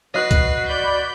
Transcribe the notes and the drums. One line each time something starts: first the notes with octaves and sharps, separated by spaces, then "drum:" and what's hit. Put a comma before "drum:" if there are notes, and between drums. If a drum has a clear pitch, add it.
F#4 B4 D#5 F#6 C7
drum: kick C#2, hi-hat
D5 B5 G6